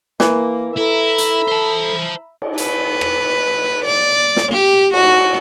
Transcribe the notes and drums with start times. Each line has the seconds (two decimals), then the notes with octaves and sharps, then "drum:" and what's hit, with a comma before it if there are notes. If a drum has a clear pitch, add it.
0.20 E3 A#3, drum: snare
0.77 E4 A4 E5 A#5 B5
1.18 drum: hi-hat
1.48 C5 A5
2.42 drum: cymbal
2.58 B4, drum: hi-hat
3.01 drum: rim click
3.85 D5
4.36 drum: snare
4.52 G4
4.93 F#4, drum: cymbal